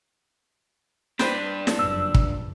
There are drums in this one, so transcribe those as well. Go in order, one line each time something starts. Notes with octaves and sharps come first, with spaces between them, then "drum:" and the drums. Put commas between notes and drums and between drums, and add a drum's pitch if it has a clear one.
G2 D4 B4 C5 G5, drum: snare
drum: snare
F#1 F2 E6
drum: kick